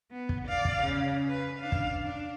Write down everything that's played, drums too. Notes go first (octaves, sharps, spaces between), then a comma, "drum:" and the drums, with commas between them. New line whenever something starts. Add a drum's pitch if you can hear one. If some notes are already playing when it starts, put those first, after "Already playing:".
B3
drum: kick
D5 F5
drum: kick
C#3
B4
D4 F5
drum: kick
D4